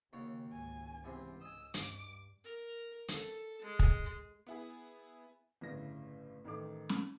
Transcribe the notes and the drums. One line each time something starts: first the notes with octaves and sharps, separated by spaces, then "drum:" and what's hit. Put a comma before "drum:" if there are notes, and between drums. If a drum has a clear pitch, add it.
D#2 C#3 F#4 C#5
C#2 G#2 G#5
E2 C3 C4
D#5 G#5 E6
G2 D6, drum: hi-hat
A#4
A4, drum: hi-hat
G#3
drum: kick
B3 E4 G#4
G1 A2 C#3 E4 A#6
A1 D#3 D#4 A4 D6
drum: snare